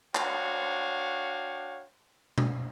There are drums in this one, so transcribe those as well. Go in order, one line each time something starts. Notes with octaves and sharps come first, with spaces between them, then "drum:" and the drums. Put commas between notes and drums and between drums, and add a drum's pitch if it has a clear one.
D4 F#4 C#5 F5 G5, drum: clap
drum: tom B2